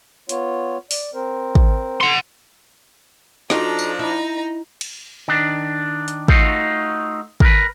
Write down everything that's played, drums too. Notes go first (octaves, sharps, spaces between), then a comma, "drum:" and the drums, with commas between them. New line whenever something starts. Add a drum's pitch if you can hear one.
B3 F4 C#5, drum: hi-hat
D5, drum: open hi-hat
C4 A#4 C5
drum: kick
F#5 C6
F3 D4 D#4 F4 F#4 A4 A#5, drum: snare
drum: tambourine
D#4 E4 A#5
drum: cymbal
D#3 D4
drum: hi-hat
A3 D#4 F4 F#4, drum: kick
A#4 B4, drum: kick